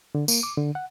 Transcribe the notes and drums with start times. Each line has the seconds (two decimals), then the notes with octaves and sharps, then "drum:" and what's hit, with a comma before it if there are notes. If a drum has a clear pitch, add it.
0.15 D3
0.28 A#3, drum: tambourine
0.43 D6
0.58 D3
0.75 F#5